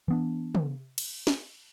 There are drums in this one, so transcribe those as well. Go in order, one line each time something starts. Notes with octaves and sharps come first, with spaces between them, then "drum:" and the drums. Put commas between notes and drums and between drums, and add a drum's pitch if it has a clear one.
E3 B3 D4
drum: tom
drum: cymbal
drum: snare